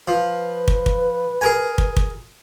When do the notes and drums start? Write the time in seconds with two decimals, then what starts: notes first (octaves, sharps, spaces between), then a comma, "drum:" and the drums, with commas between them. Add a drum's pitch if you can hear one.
0.08 F3 B4
0.68 drum: kick
0.86 drum: kick
1.41 G#4 A#4 G#5
1.78 drum: kick
1.97 drum: kick